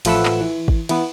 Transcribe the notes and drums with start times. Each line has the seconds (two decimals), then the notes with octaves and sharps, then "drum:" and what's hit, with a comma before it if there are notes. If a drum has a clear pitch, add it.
0.05 A1 F3 A3 B4 F#5 E6, drum: cymbal
0.25 drum: clap
0.41 E3
0.68 drum: kick
0.89 E3 B3, drum: cymbal